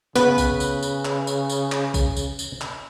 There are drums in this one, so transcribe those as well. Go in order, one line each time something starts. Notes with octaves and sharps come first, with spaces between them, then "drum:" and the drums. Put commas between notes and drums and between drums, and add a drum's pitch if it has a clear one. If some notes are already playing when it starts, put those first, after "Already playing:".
C#3 B3 B4, drum: tambourine
drum: kick A#1, tambourine
drum: tambourine
drum: tambourine
drum: clap
drum: tambourine
drum: tambourine
drum: clap
drum: kick A#1, tambourine
drum: tambourine
drum: tambourine
drum: clap